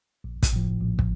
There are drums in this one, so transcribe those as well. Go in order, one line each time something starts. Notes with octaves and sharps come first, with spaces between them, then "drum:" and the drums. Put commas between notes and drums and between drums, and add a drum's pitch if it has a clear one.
A#1
drum: kick, hi-hat
A2 F3
A#1
drum: kick